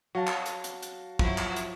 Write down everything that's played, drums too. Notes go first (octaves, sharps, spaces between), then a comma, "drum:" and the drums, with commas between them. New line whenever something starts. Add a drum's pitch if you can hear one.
F#3 F#4 F5 A5
drum: clap
drum: hi-hat
drum: hi-hat
drum: hi-hat
F3 F#3 E4 F#4, drum: kick
drum: clap
drum: hi-hat